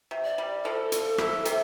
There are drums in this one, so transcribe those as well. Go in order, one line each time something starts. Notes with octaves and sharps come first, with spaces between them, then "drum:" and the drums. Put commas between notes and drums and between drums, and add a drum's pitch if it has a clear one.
C3
D5
G3
F3 A4
F3, drum: hi-hat
E4, drum: rim click
C3, drum: hi-hat